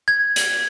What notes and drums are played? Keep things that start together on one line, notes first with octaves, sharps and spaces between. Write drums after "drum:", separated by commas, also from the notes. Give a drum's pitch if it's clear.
G#6
drum: hi-hat